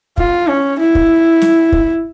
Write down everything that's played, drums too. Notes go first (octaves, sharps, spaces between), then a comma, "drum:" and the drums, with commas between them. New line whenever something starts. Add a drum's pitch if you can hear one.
F4, drum: kick
C#4
E4
drum: kick
drum: snare
drum: kick